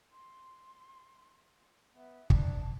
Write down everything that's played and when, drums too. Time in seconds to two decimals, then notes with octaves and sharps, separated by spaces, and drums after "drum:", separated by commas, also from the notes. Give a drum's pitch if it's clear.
0.12 C6
1.96 B3 E5
2.30 D4 A5, drum: kick